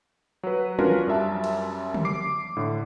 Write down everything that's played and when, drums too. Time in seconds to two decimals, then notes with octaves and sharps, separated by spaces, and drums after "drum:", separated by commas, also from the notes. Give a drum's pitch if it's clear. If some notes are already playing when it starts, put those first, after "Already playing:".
0.43 F#3 B4
0.79 C#4 D4 F4 F#4 A#4 B4, drum: tom
1.07 F#2 G3 E5 A5
1.44 drum: cymbal
1.94 drum: tom
2.05 D6 C7
2.57 A2 D3